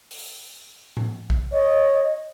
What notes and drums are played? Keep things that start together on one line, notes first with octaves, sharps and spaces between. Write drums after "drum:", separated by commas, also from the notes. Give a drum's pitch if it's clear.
drum: open hi-hat
drum: tom A2
drum: kick A#1
C#5 D#5